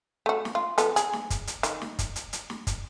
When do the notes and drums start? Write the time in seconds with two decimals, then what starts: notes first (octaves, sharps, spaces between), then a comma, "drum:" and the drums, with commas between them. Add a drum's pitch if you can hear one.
0.26 A3 F#4
0.45 drum: snare
0.55 F4
0.78 F3 B3 A4, drum: hi-hat
0.96 G#4, drum: hi-hat
1.13 drum: snare
1.30 drum: kick, hi-hat
1.47 drum: hi-hat
1.63 D#3, drum: hi-hat
1.82 drum: snare
1.99 drum: kick, hi-hat
2.16 drum: hi-hat
2.33 drum: hi-hat
2.50 drum: snare
2.67 drum: kick, hi-hat